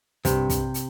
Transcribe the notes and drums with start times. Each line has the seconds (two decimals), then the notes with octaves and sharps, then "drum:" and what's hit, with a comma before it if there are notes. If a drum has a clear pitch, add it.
0.25 G2 C3, drum: kick, hi-hat
0.50 drum: kick, hi-hat
0.74 drum: hi-hat